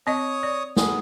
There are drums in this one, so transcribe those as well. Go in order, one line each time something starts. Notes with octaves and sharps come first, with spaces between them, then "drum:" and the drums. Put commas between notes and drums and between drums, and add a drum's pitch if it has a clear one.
C4 C#5 D#5 D#6
D5
B3 G#4, drum: snare